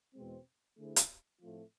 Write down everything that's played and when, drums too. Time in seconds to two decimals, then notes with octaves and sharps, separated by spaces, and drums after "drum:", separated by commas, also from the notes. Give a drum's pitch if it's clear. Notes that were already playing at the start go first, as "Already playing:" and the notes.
0.15 E2 B2 G#3 C4
0.78 D3 A3 E4 G#4 C5
0.96 drum: hi-hat
1.41 A2 F3 A3 C4 F4